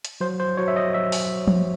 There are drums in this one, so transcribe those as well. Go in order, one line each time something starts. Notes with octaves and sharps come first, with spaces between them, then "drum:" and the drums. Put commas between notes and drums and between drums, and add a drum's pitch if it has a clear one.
drum: hi-hat
F#3 C5
C5
F#3 C#5
E5
D#5
F#3 E5
drum: open hi-hat
drum: tom F3